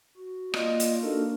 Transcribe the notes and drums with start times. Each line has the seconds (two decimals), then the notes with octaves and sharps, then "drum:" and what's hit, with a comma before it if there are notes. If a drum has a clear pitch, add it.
0.17 F#4
0.54 A#3 F4 D5 D#5, drum: rim click
0.80 drum: hi-hat
1.02 A#3 D4 D#4 F#4 A4 A#4